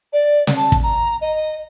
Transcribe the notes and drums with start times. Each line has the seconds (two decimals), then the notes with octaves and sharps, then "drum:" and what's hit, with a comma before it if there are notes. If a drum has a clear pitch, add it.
0.13 D5
0.47 drum: snare
0.56 A5
0.72 drum: kick
0.83 A#5
1.21 D#5